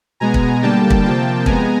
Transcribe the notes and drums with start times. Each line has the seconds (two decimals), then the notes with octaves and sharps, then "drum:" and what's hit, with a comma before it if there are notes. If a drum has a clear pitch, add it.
0.20 B2 G#3 B3 G#5 A#5
0.34 drum: kick
0.63 D3 G3 A#3 G5 A5
0.90 drum: kick
1.04 C3 F3 A#3 G5 A5
1.46 G#3 B3 G#5 A#5, drum: kick